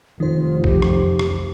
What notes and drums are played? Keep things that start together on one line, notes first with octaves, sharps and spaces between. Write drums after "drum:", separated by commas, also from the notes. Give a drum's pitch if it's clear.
F1 D#3 F4 C5
G4, drum: kick
drum: rim click
drum: rim click